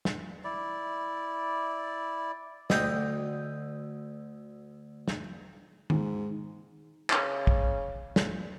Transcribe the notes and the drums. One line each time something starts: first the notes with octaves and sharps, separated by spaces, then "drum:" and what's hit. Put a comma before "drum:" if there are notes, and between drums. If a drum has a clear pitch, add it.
drum: snare
E4 D5
D2 D#5 G5, drum: snare
drum: snare
G#2, drum: tom D#3
C#3, drum: clap
drum: kick
drum: snare